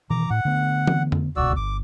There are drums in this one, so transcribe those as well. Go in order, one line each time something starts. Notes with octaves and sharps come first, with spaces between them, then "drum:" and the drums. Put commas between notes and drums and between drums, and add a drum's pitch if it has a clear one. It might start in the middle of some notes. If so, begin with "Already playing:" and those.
B2 D#3 E3 A#5 D6
A2 F#5
D3 A3 B3
drum: tom E3
drum: tom F2
D1 C#2 B2 F#4 D5 E6
G1 D6